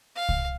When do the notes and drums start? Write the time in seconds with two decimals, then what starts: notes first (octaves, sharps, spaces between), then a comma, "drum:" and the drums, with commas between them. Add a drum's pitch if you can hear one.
0.15 F5
0.29 drum: kick C2